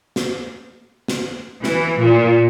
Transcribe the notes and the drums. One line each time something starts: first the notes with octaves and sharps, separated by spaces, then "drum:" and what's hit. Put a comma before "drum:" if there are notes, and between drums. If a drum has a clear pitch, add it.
drum: snare
drum: snare
E3, drum: snare
A#2